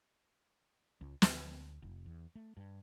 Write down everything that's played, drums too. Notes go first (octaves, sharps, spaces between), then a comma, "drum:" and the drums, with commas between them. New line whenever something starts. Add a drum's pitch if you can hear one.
C#2
D2, drum: snare
F1
E2
A3
G2